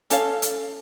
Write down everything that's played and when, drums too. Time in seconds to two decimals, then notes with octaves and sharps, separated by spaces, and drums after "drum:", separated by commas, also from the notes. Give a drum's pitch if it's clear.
0.10 C#4 A4 C#5 F5, drum: hi-hat
0.42 drum: hi-hat